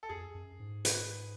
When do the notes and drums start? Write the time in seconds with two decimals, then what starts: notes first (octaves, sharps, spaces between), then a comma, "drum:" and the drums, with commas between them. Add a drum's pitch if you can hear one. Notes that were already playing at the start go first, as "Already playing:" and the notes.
0.03 A4
0.09 F2 G#4
0.35 F#2
0.60 G#2
0.85 B4, drum: hi-hat